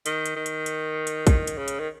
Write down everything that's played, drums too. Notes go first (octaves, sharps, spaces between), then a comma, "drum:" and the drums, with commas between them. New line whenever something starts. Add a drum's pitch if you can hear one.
D#3, drum: hi-hat
drum: hi-hat
D#3
drum: hi-hat
drum: hi-hat
drum: hi-hat
D#3, drum: kick, hi-hat
drum: hi-hat
C#3
drum: hi-hat
D#3